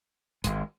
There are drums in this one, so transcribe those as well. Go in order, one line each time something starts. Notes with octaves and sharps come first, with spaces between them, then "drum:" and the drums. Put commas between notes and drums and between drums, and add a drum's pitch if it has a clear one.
G#1 G#2 G#3, drum: hi-hat